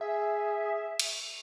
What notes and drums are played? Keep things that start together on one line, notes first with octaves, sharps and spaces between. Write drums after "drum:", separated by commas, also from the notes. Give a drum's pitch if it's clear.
G#4 E5
drum: cymbal